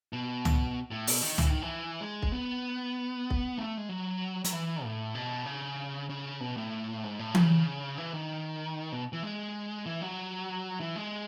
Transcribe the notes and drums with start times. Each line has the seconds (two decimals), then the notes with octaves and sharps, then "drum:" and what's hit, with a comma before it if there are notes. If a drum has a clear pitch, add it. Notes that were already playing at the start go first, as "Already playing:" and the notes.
0.13 B2
0.45 drum: tom
0.91 A2
1.07 B2, drum: open hi-hat
1.22 D#3
1.38 E3, drum: tom
1.50 D#3
1.62 E3
2.01 G#3
2.22 drum: kick B1
2.32 B3
3.30 drum: kick B1
3.58 A3
3.78 G#3
3.89 F#3
4.44 F#3, drum: hi-hat
4.52 E3
4.84 A2
5.15 B2
5.46 C#3
6.09 C#3
6.40 B2
6.57 A2
7.04 G#2
7.19 A2
7.35 C#3, drum: tom E3
7.98 E3
8.14 D#3
8.92 B2
9.13 E3
9.23 G#3
9.86 E3
10.02 F#3
10.80 E3
10.96 G#3